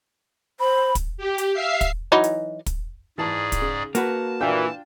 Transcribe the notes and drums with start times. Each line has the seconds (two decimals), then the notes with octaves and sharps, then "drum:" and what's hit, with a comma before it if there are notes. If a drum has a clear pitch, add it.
0.60 C5 B5
0.95 drum: kick, hi-hat
1.18 G4
1.38 drum: hi-hat
1.53 E5 F5 C7
1.81 drum: kick, hi-hat
2.12 E3 F#3 D#4
2.24 drum: hi-hat
2.66 drum: kick, hi-hat
3.18 G#2 E3 G#4 D5 A5
3.52 drum: kick, hi-hat
3.61 C#3
3.95 A#3 F#4 B4 A5, drum: hi-hat
4.41 A#2 E3 D4 F4 G5